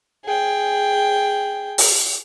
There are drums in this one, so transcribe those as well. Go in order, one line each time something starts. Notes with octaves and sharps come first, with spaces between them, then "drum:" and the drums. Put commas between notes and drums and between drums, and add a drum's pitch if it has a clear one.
G#4 G5
drum: open hi-hat